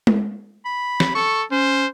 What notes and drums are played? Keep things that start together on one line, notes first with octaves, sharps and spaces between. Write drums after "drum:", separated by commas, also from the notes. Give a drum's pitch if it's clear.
drum: tom G#3
B5
drum: snare
A4 C#6
C#4 C5